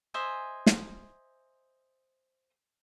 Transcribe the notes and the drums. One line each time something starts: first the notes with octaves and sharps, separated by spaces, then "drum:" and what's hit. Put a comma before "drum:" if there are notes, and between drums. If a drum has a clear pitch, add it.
C5 D#5 E5 G#5
drum: snare